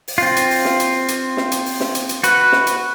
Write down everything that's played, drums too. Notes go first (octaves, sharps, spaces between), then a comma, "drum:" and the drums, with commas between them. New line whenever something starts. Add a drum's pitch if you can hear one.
drum: open hi-hat
C4 F4
drum: hi-hat
drum: open hi-hat
drum: snare
drum: hi-hat
drum: hi-hat
drum: snare
drum: hi-hat
drum: open hi-hat
drum: snare
drum: hi-hat
drum: hi-hat
F#4 B4, drum: hi-hat
drum: snare
drum: hi-hat